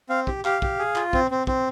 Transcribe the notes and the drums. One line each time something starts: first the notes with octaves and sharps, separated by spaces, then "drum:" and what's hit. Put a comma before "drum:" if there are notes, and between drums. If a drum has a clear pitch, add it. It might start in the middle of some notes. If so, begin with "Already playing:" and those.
C4 F5
G4, drum: kick
G4 F5, drum: clap
G4, drum: kick
G#4
F4, drum: clap
C4, drum: kick
C4
C4, drum: kick